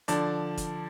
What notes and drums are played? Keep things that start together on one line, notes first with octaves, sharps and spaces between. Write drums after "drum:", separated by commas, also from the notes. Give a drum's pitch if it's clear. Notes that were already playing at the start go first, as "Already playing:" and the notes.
D3 F3 D5 A5, drum: hi-hat
drum: kick, hi-hat